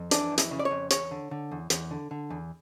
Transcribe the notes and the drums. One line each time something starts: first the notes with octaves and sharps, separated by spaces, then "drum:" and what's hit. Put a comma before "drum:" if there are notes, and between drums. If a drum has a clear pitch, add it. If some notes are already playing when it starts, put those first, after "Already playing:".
Already playing: F2
E3 D4, drum: hi-hat
F2
E4, drum: hi-hat
C#3
D5
C#5
F2
E2 C#5, drum: hi-hat
D3
D3
E2
E2, drum: hi-hat
D3
D3
E2